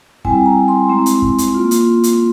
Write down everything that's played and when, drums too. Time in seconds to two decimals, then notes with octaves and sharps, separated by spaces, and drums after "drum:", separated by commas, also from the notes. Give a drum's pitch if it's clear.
0.25 G3 C4 E4 G#5, drum: kick
0.46 A#5
0.68 C6
0.89 G#3 C4 E4
1.06 drum: hi-hat
1.22 drum: kick
1.38 drum: hi-hat
1.55 A#3 F4
1.71 drum: hi-hat
2.04 drum: hi-hat